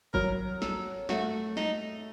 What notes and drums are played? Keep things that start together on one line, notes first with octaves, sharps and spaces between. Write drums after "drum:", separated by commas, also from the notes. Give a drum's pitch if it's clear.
F#3 A#4, drum: kick G1
A4, drum: snare
A3 F#4, drum: snare
D#4, drum: snare